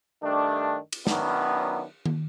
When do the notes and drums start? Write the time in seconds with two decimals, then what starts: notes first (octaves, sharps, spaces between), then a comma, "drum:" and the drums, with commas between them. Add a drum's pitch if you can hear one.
0.23 G2 D#3 A3 D4
0.93 drum: cymbal
1.07 D#3 F#3 B3 C#4 D4 E4, drum: snare
2.06 drum: tom D#3